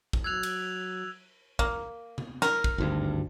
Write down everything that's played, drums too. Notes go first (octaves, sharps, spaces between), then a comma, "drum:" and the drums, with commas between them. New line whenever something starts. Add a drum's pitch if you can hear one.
drum: kick
F#3 E6 F#6 G#6 F7
drum: cymbal
A#3, drum: kick
drum: tom C3
A#4, drum: snare
drum: kick
G#1 D2 G2